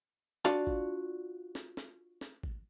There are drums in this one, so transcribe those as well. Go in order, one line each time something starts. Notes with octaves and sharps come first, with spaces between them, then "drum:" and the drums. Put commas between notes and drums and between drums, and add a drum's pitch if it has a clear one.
D4 F4 F#4 D5 F5 A5, drum: snare
drum: kick
drum: snare
drum: snare
drum: snare
drum: kick